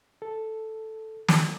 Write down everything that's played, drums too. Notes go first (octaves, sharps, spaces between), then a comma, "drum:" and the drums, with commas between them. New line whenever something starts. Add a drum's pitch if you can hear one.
A4
drum: snare